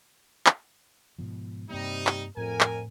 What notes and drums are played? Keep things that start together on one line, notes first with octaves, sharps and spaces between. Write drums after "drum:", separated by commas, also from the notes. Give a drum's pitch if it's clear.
drum: clap
G#2 B2 F3
G2 C3 G3 A#3 D#4
drum: clap
F2 A2 A#4 G#5
drum: clap